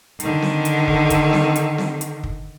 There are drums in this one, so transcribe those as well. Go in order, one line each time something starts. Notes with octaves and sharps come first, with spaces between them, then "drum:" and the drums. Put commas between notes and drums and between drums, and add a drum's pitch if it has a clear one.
D3 D#3, drum: hi-hat
drum: snare C4
drum: hi-hat
drum: kick
drum: kick, hi-hat
drum: snare C4
drum: hi-hat
drum: snare C4
drum: hi-hat
drum: kick